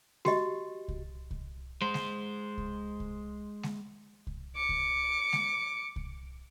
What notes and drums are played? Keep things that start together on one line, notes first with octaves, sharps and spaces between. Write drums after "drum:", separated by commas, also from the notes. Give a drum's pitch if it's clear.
F#4 G4 D#5, drum: snare G#3
drum: kick C2
drum: kick C2
G#3 C5
drum: snare G#3
drum: kick C2
drum: kick C2
drum: snare G#3
drum: kick C2
D6 C#7
drum: kick C2
drum: snare G#3
drum: kick C2